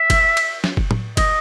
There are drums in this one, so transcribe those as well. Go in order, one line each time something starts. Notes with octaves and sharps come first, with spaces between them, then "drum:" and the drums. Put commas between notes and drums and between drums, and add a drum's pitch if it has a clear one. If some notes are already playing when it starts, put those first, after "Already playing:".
Already playing: E5
drum: kick F#1, cymbal
drum: cymbal
drum: snare
drum: kick F#1
drum: tom A2
D#5, drum: kick F#1, cymbal